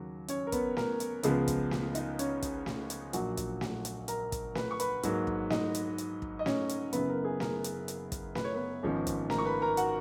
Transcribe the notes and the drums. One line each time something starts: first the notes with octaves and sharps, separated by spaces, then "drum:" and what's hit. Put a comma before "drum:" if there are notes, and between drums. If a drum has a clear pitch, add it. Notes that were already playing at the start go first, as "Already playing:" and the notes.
Already playing: D#2 C#3 F#3
C#4 C#5, drum: hi-hat
A#4
B3 B4, drum: kick, hi-hat
A#4, drum: snare
drum: hi-hat
C#2 C#3 F3 G#3 B3, drum: hi-hat
drum: kick, hi-hat
drum: snare
D#4 D#5, drum: hi-hat
C#4 C#5, drum: hi-hat
drum: kick, hi-hat
drum: snare
drum: hi-hat
A#1 A#2 F#3 F#4 F#5, drum: hi-hat
drum: kick, hi-hat
drum: snare
drum: hi-hat
A#4 A#5, drum: hi-hat
drum: kick, hi-hat
B4 B5, drum: snare
C#6
B4 B5, drum: hi-hat
G#2 F#3 A#3, drum: hi-hat
drum: kick
D#4 D#5, drum: snare
drum: hi-hat
drum: hi-hat
drum: kick
D#5
C#4 C#5, drum: snare
drum: hi-hat
F#1 F#2 C#3 B3 B4, drum: hi-hat
A#4
G#4
A#4, drum: snare
drum: hi-hat
drum: hi-hat
drum: kick, hi-hat
B4, drum: snare
C#5
B3 B4
G#1 G#2 F3 G#3 C#4
drum: kick, hi-hat
A#4 A#5, drum: snare
C#6
B4 B5
A#4 A#5
F#4 F#5, drum: hi-hat